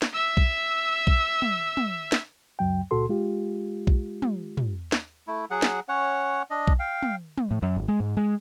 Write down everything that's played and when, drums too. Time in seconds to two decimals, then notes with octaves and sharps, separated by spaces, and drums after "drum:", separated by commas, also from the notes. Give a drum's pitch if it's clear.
0.02 drum: snare
0.13 E5 E6
0.37 drum: kick B1
1.07 drum: kick B1
1.42 drum: tom
1.77 drum: tom
2.12 drum: snare
2.59 C#2 F#2 F#3 G5
2.91 C#2 A#2 F#4 A4 C6
3.09 G#3 F4 G4
3.87 drum: kick B1
4.22 drum: tom
4.57 drum: tom
4.92 drum: snare
5.27 A3 E4
5.51 F#3 G#4 F#5
5.62 drum: snare
5.89 C#4 C#5 F#5
6.50 D4 D#5
6.67 drum: kick B1
6.79 F5 G5
7.03 drum: tom
7.38 drum: tom
7.51 A2
7.62 F#2
7.77 G#1
7.88 G#3
8.00 G#2
8.17 G#3